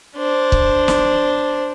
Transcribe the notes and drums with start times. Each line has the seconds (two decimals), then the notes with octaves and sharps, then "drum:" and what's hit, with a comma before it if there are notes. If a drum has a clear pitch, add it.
0.16 D4 C5
0.52 drum: kick
0.88 drum: snare